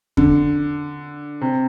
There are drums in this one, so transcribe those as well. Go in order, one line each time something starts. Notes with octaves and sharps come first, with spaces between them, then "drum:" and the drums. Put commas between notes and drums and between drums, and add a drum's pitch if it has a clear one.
D3, drum: kick E2
C3